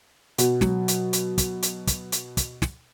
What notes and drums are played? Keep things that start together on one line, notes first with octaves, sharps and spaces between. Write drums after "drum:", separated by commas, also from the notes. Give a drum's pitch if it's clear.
B2, drum: hi-hat
F#3, drum: snare
drum: hi-hat
drum: hi-hat
drum: kick, hi-hat
drum: hi-hat
drum: kick, hi-hat
drum: hi-hat
drum: kick, hi-hat
drum: snare